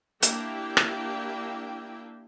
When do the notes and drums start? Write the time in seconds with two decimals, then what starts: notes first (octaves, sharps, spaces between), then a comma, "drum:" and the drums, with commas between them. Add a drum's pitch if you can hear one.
0.22 A#3 D4 E4 G4 E5 G5, drum: hi-hat
0.77 drum: rim click